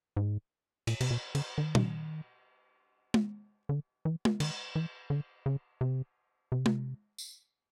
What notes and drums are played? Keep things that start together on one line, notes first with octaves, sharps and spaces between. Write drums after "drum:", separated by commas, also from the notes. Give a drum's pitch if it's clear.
G#2
A#2, drum: cymbal
C3, drum: cymbal
B2
D3, drum: cymbal
D#3
drum: tom
drum: tom
D3
E3
drum: tom
D#3, drum: cymbal
E3
D3
C#3
C3
C3
drum: tom
drum: tambourine